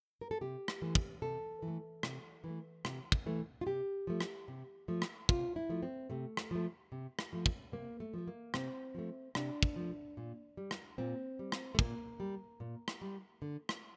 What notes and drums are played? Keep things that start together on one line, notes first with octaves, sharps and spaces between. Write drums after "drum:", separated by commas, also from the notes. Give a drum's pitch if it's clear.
A#4
A4
C3 G4
drum: rim click
E3 A3
drum: kick
C3 A4
E3
A3
C3, drum: rim click
E3 A3
C3, drum: rim click
drum: kick
E3 A3
F4
C3 G4
F3 A3
drum: rim click
C3
F3 A3
drum: rim click
C3 F4, drum: kick
E4
F3 A3
C4
C3 A3
drum: rim click
F3 A3
C3
drum: rim click
F3 A3
drum: kick
C3 A#3
A3
F3 A3
A#3
C3 C4, drum: rim click
F3 A3
C3 D4, drum: rim click
drum: kick
F3 A3
A#2
G3
drum: rim click
A#2 C4
G3
drum: rim click
A3
A#2 A#3, drum: kick
G3
A#2
drum: rim click
G3
D3
drum: rim click